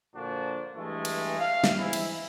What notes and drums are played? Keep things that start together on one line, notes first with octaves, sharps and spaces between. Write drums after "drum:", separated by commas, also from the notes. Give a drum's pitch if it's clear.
A#2 D3 F3 D4 F#4
G2 E3 G#3 A3
drum: cymbal
E5 F5
drum: snare
G#2 E3 E4
drum: cymbal